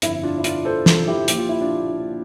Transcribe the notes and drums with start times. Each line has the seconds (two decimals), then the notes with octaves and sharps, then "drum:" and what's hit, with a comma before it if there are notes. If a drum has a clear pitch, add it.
0.02 G1 F2 D3 E4, drum: hi-hat
0.23 D4 F4
0.38 E4
0.44 D4 F4, drum: hi-hat
0.65 A4 C5
0.86 F4 A4, drum: snare
1.07 E4 G4
1.28 A#1 A#2 F3 G4, drum: hi-hat
1.38 F4
1.49 E4
1.61 D4 F4